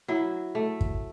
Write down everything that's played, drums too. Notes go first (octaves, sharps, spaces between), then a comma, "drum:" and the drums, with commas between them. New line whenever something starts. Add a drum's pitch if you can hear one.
F#3 E4
A3
drum: kick